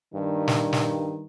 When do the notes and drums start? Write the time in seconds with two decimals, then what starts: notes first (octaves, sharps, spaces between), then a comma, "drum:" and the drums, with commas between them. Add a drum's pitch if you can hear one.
0.14 G2 D#3
0.48 drum: snare
0.73 drum: snare